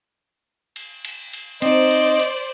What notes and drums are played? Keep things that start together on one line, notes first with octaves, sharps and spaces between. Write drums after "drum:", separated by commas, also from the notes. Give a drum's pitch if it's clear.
drum: cymbal
drum: cymbal
drum: cymbal
C4 D#4 C5 D5 D#5, drum: cymbal
drum: cymbal
drum: cymbal